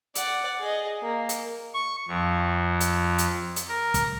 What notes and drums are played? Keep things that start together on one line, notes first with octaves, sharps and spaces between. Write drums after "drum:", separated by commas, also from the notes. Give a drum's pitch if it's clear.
D5 F#5, drum: hi-hat
G#4 D#5
A#3
drum: hi-hat
C#6
F2
drum: hi-hat
drum: hi-hat
drum: hi-hat
A#4
drum: kick, hi-hat